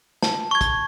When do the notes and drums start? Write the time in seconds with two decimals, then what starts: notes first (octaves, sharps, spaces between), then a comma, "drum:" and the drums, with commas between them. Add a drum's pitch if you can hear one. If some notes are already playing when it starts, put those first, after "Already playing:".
0.23 A5, drum: snare
0.51 C#6 G#6
0.61 drum: kick, hi-hat